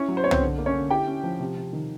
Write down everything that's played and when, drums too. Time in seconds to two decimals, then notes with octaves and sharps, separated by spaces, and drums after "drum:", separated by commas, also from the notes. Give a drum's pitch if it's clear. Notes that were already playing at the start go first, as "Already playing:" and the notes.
Already playing: C#4 E4 C#5
0.08 F#3
0.17 C5
0.24 B3 C#5
0.31 C4 C5, drum: tom
0.41 D3
0.58 A#3
0.66 C#4 C#5
0.74 D3
0.91 E4 G4 G5
1.07 C#4
1.24 F3
1.40 C3
1.57 C3
1.73 D#3